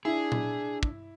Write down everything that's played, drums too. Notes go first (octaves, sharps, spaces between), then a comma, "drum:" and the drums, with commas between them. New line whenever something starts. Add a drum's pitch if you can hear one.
D4 E4 G#4
drum: tom A#2
drum: kick